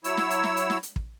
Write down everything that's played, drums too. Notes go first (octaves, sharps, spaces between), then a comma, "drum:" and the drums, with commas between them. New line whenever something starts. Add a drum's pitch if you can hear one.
F#3 E4 C#5 E6, drum: hi-hat
drum: snare
drum: hi-hat
drum: snare
drum: hi-hat
drum: snare
drum: hi-hat
drum: kick